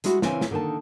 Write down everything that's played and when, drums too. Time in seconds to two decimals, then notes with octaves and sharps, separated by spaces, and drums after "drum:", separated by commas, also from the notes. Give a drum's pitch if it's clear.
0.04 G3 G#3 E4 F#4, drum: hi-hat
0.22 C#3 E3 C4 E4 A#4 G#5, drum: snare
0.41 drum: snare
0.51 D3 D#3 A#3 D#4 A5